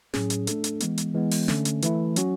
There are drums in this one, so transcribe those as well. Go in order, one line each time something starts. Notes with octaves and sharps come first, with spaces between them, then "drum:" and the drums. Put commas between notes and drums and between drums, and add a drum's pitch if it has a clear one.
A2 F#3 C#4 G#4, drum: snare
drum: hi-hat
A3 D4 A4, drum: hi-hat
drum: hi-hat
E3 G#3 B3, drum: hi-hat
drum: hi-hat
E3 G#3 B3
drum: open hi-hat
D3 A3 C#4, drum: snare
drum: hi-hat
E3 A3 E4, drum: hi-hat
F#3 C#4 F#4, drum: hi-hat